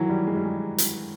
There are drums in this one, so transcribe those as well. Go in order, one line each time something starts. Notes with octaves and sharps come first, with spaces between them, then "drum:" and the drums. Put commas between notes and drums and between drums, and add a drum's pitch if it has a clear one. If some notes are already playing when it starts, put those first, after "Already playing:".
Already playing: D#3 E3 F#3
G3
G#3
G3
G#3
drum: hi-hat